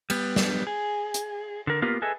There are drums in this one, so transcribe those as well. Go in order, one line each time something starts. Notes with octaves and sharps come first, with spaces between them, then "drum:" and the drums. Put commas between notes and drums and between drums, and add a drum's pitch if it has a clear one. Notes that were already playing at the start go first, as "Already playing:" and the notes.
G3 B3, drum: cymbal
drum: snare
G#4
drum: hi-hat
D3 A#4
A#3 B3 F4 G4 A#4
G#4 A4 B4 D#5 E5 G#5